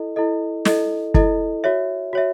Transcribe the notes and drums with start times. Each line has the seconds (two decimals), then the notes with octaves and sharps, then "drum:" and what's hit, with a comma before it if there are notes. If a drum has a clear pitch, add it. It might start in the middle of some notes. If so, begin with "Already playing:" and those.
Already playing: E4 A4 D#5
0.16 E4 A4 D#5
0.65 E4 A4 D#5, drum: snare
1.14 E4 A4 D#5, drum: kick
1.64 F#4 C#5 E5
2.13 F#4 C#5 E5